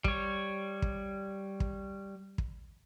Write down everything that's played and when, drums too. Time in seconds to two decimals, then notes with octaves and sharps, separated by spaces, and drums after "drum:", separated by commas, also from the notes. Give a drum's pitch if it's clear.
0.04 G3 C#5, drum: kick
0.82 drum: kick
1.60 drum: kick
2.38 drum: kick